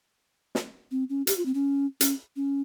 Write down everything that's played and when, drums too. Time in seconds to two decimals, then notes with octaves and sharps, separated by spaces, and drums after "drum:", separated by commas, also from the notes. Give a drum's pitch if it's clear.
0.55 drum: snare
0.91 C4
1.10 C#4
1.27 G4, drum: hi-hat
1.37 F4
1.46 C4
1.54 C#4
2.01 C#4, drum: hi-hat
2.36 C#4